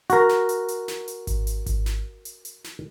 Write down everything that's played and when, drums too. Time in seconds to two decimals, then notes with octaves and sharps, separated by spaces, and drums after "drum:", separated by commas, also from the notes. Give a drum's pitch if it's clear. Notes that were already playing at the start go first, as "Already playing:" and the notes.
0.10 F#4 A#4, drum: hi-hat
0.29 drum: snare
0.49 drum: hi-hat
0.68 drum: hi-hat
0.88 drum: snare
1.08 drum: hi-hat
1.27 drum: kick G#1, hi-hat
1.47 drum: hi-hat
1.66 drum: kick G#1, hi-hat
1.86 drum: snare
2.25 drum: hi-hat
2.45 drum: hi-hat
2.64 drum: snare